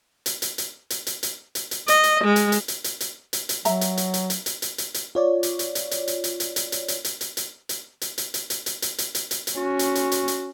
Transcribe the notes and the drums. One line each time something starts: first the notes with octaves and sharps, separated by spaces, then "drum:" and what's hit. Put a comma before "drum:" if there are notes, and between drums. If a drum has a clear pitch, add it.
drum: hi-hat
drum: hi-hat
drum: hi-hat
drum: hi-hat
drum: hi-hat
drum: hi-hat
drum: hi-hat
drum: hi-hat
D#5, drum: hi-hat
drum: hi-hat
G#3
drum: hi-hat
drum: hi-hat
drum: hi-hat
drum: hi-hat
drum: hi-hat
drum: hi-hat
drum: hi-hat
F#3 E5 A#5, drum: hi-hat
drum: hi-hat
drum: hi-hat
drum: hi-hat
drum: hi-hat
drum: hi-hat
drum: hi-hat
drum: hi-hat
drum: hi-hat
F4 C#5 D5
drum: hi-hat
drum: hi-hat
drum: hi-hat
drum: hi-hat
drum: hi-hat
drum: hi-hat
drum: hi-hat
drum: hi-hat
drum: hi-hat
drum: hi-hat
drum: hi-hat
drum: hi-hat
drum: hi-hat
drum: hi-hat
drum: hi-hat
drum: hi-hat
drum: hi-hat
drum: hi-hat
drum: hi-hat
drum: hi-hat
drum: hi-hat
drum: hi-hat
drum: hi-hat
drum: hi-hat
C#4 F#4
drum: hi-hat
drum: hi-hat
drum: hi-hat
drum: hi-hat